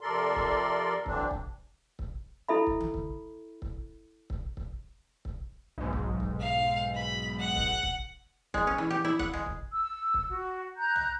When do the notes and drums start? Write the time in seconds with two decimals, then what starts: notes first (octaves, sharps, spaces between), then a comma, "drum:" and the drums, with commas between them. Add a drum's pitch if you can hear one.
0.01 F2 C3 A4 A#4 D5 C6
0.36 drum: kick
1.06 D3 E3 F#3 C4 D4, drum: kick
1.31 drum: kick
1.99 drum: kick
2.48 E4 A4 E5 B5
2.67 drum: kick
2.80 drum: tom D3
2.94 drum: kick
3.62 drum: kick
4.30 drum: kick
4.57 drum: kick
5.25 drum: kick
5.78 B1 G#2
5.93 drum: kick
6.20 drum: kick
6.40 F5
6.94 B5
7.38 F#5
7.56 drum: kick
7.83 drum: kick
8.54 G#3, drum: kick
8.67 C#4
8.78 E3
8.90 G4
9.05 E4
9.19 F#5, drum: kick
9.33 G#3, drum: tom
9.46 drum: kick
9.72 E6
10.14 drum: kick
10.29 F#4
10.78 A#5 F#6 G6
10.96 drum: tom